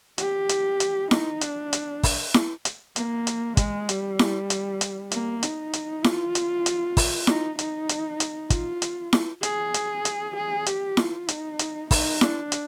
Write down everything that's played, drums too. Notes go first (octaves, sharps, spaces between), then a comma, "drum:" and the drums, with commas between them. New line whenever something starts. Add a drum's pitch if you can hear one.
G4, drum: hi-hat
drum: hi-hat
drum: hi-hat
D#4, drum: snare E4
D4, drum: hi-hat
drum: hi-hat
drum: kick, open hi-hat
drum: snare E4
drum: hi-hat
A#3, drum: hi-hat
drum: hi-hat
G#3, drum: kick, hi-hat
G3, drum: hi-hat
drum: snare E4
drum: hi-hat
drum: hi-hat
A#3, drum: hi-hat
D#4, drum: hi-hat
drum: hi-hat
F4, drum: snare E4
drum: hi-hat
drum: hi-hat
drum: kick, open hi-hat
D#4, drum: snare E4
D#4, drum: hi-hat
drum: hi-hat
drum: hi-hat
F4, drum: kick, hi-hat
drum: hi-hat
drum: snare E4
G#4, drum: hi-hat
drum: hi-hat
drum: hi-hat
G#4
G4, drum: hi-hat
F4, drum: snare E4
D#4, drum: hi-hat
drum: hi-hat
D#4, drum: kick, open hi-hat
D4, drum: snare E4
drum: hi-hat